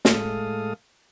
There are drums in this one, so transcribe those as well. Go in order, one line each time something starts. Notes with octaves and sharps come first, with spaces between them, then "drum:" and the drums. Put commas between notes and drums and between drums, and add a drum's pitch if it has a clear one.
A2 G#3 A4 F5 D#6, drum: snare